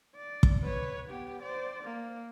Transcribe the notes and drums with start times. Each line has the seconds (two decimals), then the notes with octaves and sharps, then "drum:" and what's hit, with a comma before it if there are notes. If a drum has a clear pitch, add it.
0.16 D5
0.43 drum: kick
0.63 B4 C#5
1.09 B3 G4
1.42 C5 D5
1.83 A#3